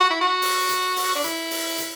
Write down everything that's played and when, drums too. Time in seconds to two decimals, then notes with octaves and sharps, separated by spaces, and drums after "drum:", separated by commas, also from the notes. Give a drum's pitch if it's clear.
0.01 F#4
0.10 E4
0.21 F#4
0.42 drum: open hi-hat
0.69 drum: hi-hat
0.96 drum: open hi-hat
1.15 D4
1.24 E4, drum: hi-hat
1.51 drum: open hi-hat
1.78 drum: hi-hat